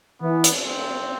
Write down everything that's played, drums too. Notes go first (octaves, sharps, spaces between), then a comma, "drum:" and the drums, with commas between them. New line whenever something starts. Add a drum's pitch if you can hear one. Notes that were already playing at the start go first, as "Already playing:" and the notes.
E3 B3
drum: hi-hat
C4